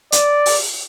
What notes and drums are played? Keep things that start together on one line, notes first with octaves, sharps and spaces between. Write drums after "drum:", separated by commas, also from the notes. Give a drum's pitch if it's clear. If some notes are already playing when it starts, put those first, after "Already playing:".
D5, drum: hi-hat
drum: open hi-hat